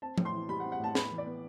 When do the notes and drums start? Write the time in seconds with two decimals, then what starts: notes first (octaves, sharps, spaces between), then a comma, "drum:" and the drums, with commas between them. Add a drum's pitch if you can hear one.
0.02 C4 A5
0.18 A2, drum: tom
0.25 C6
0.33 E3
0.49 G3 B5
0.60 F#5
0.64 C4
0.72 F#5
0.80 A2 A5
0.95 B3 B5, drum: snare
1.11 E3
1.18 D5
1.26 B3